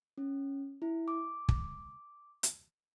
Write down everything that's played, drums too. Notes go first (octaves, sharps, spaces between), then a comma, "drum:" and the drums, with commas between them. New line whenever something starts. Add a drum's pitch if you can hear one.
C#4
E4
D6
drum: kick
drum: hi-hat